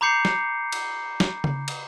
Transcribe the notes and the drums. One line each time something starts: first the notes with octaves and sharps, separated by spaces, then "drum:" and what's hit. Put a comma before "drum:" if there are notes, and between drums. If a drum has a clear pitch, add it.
A#5 B5 D6 G6 C7 C#7
drum: snare
drum: cymbal
drum: snare
drum: tom C#3
drum: cymbal